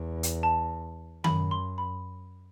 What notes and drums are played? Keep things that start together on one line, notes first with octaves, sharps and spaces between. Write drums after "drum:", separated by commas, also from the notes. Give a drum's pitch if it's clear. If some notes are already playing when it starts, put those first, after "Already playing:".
Already playing: E2
drum: hi-hat
A5
F#2 B5, drum: tom D#3
C6
B5